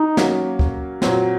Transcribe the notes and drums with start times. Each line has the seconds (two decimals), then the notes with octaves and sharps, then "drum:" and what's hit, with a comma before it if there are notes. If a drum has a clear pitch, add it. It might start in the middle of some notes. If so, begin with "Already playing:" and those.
Already playing: D#4
0.17 F#3 A#3 C#4, drum: snare
0.59 drum: kick
1.02 A#2 F#3 C4, drum: snare